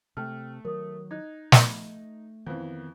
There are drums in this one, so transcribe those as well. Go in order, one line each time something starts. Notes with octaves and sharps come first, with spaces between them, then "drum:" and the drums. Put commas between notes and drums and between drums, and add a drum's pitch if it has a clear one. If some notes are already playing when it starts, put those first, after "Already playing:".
C3 A3 G5 A5 F6
D#3 F#3 A#4 D#6
D#4 F#6 G#6
A3, drum: snare
F2 D#3 E3 B3